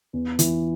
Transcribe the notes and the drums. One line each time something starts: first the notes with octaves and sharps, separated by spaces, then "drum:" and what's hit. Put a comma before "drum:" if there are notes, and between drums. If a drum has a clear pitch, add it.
E2
E3, drum: hi-hat